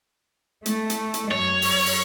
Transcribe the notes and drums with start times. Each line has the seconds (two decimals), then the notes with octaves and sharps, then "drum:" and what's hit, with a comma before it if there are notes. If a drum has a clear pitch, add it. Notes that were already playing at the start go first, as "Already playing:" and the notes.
0.66 A3, drum: hi-hat
0.90 drum: hi-hat
1.14 drum: hi-hat
1.31 F#2 C#5
1.62 drum: open hi-hat
1.86 drum: open hi-hat